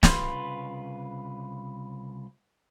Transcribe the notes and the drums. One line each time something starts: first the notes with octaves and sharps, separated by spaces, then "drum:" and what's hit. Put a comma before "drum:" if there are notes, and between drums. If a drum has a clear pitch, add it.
C2 C#3 F4 B4 C6, drum: snare